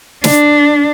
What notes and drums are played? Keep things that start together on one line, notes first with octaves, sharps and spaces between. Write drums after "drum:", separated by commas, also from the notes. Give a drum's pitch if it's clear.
D4, drum: snare